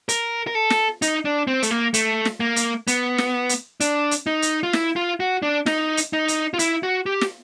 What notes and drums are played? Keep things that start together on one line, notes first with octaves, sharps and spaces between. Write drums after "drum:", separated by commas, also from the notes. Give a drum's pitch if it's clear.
A#4, drum: hi-hat
A#4
A4
drum: snare
D#4, drum: hi-hat
D4
C4
A3, drum: hi-hat
A#3
A3, drum: hi-hat
drum: snare
A#3
drum: hi-hat
B3, drum: hi-hat
drum: snare
drum: hi-hat
D4, drum: hi-hat
drum: hi-hat
D#4
drum: hi-hat
F4
E4, drum: snare
F4
F#4
D4
D#4, drum: snare
drum: hi-hat
D#4
drum: hi-hat
F4
E4, drum: hi-hat
F#4
G4
drum: snare